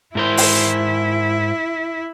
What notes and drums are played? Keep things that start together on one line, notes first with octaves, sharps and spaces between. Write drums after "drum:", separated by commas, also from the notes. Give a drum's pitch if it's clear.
G#2 E4 A#4 C5
drum: open hi-hat